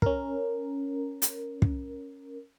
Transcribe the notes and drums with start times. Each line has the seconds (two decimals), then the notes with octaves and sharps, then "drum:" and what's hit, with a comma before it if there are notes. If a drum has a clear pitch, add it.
0.02 C#4 A#4, drum: kick
1.22 drum: hi-hat
1.62 drum: kick